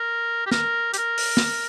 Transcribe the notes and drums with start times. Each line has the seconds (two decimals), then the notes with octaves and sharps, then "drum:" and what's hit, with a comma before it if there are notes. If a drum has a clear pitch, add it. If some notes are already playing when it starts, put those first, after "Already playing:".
Already playing: A#4
0.46 G4
0.51 A#4, drum: snare
0.94 G4, drum: hi-hat
0.98 A#4
1.18 drum: open hi-hat
1.37 drum: snare